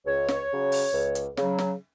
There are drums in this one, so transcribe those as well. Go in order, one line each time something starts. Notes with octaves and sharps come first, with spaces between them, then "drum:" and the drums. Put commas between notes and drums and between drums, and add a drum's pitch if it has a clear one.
C#2 C#5
drum: snare
C#3 F#3
drum: open hi-hat
C#2
drum: hi-hat
C#3 F#3, drum: snare
drum: snare